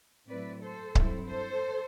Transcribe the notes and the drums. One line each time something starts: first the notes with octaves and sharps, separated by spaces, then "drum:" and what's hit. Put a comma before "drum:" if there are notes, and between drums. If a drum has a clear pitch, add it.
A2 F#3 C4 E4 B4 D5
A4 C5
G2 F#3 C4 E4, drum: kick C#1
A4 C5